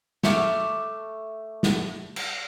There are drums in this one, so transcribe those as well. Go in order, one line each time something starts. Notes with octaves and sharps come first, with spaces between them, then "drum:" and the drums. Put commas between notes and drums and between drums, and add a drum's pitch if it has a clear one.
A3 E5 D6 F6, drum: snare
drum: snare
drum: cymbal